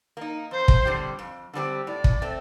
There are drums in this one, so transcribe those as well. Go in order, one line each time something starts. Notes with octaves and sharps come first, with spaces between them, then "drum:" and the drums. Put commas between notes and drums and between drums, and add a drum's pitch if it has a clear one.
A#3 D#4
F2 C5
drum: kick
D3 G3 C4 G4
F2
D3 G3 C4 G4
A2 D5
drum: kick
A3 C4